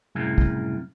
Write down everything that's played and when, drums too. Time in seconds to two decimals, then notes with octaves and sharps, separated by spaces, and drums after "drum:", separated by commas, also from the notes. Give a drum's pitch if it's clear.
0.15 C2 F#2 A2 C#3
0.38 drum: kick